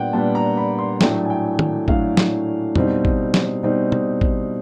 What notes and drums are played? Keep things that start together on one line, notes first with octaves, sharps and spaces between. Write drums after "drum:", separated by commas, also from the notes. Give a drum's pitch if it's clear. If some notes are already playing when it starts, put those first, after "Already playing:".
Already playing: A#2 G3 B3 D4 F#5 G5
A#2 G3 B3 D4 A5
A#5
B5
C6
A2 F#3 A3 D4 G5, drum: snare
G#5
G5
drum: tom
A2 F#3 A3 D4 F5, drum: kick
drum: snare
B2 G3 C4 D#4, drum: tom
drum: kick
drum: snare
B2 G3 C4 D#4
drum: tom
drum: kick